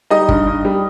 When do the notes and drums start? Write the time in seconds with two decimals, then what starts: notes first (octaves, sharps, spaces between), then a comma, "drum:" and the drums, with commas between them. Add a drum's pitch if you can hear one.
0.10 G3 D#4 D#5
0.29 G2, drum: kick G1
0.47 G2
0.65 G3